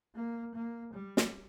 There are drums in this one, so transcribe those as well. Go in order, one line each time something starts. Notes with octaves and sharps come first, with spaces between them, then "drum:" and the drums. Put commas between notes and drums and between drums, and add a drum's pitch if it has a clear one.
A#3
A#3
G3
drum: snare